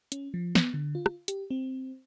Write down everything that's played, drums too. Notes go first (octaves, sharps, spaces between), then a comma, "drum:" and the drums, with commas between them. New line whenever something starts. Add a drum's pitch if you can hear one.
C#4, drum: hi-hat
F3
B3, drum: snare
D3
F4
drum: rim click
G4, drum: hi-hat
C4